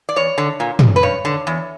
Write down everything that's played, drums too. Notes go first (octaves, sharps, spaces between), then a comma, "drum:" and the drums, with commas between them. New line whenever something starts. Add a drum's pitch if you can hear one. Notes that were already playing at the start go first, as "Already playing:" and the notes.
D5
E2 C#5
D3
A#2
drum: tom
B4
G2 C#5
D3
E2